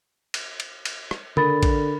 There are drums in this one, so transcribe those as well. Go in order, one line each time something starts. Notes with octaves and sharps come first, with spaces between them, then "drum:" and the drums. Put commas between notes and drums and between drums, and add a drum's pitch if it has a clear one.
drum: cymbal
drum: cymbal
drum: cymbal
drum: rim click
D3 A#4 B5 A6, drum: tom C#3
drum: kick, cymbal